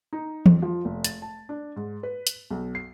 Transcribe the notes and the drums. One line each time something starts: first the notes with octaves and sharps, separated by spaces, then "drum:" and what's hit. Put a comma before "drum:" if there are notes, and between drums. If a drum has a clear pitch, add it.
D#4
F2, drum: tom E3
F3
F1
A6, drum: hi-hat
A5
D4
G#2
B4
drum: hi-hat
B1
C7